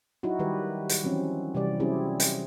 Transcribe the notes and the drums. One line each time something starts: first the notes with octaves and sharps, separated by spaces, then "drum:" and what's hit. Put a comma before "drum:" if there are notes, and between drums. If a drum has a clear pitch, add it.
F#3 D#4 E4 F#4
D#3 G3 G4 B4
drum: hi-hat
E3 F#3 C4 C#4
C3 E3 G3 D5
F#3 C4 C#4 E4 G4 G#4
drum: hi-hat